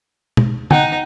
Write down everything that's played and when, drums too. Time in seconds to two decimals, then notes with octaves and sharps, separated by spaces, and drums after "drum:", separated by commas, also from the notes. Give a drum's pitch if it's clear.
0.37 drum: tom
0.71 D#4 F#5 G5, drum: tom